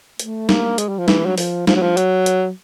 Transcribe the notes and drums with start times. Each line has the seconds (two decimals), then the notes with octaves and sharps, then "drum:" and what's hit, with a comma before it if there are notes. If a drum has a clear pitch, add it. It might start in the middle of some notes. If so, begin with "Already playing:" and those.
0.19 A3, drum: hi-hat
0.49 A#3, drum: snare
0.78 G#3, drum: hi-hat
0.89 G3
0.99 F3
1.08 E3, drum: snare
1.26 F#3
1.38 F3, drum: open hi-hat
1.67 F3, drum: snare
1.75 F#3
1.82 F3
1.97 F#3, drum: hi-hat
2.26 drum: hi-hat